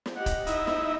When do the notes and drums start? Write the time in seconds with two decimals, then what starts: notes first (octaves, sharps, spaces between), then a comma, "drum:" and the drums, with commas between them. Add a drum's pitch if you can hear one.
0.06 drum: snare
0.15 G4 D#5 F#5
0.26 drum: kick, hi-hat
0.47 D#4 E4 E5, drum: hi-hat
0.67 drum: snare